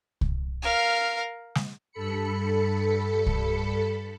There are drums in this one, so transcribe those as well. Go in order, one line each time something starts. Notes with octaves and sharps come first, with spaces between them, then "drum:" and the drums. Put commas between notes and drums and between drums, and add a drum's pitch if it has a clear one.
drum: kick C2
A#4 F5
drum: snare
G2 A4 B5 C#7
drum: kick C2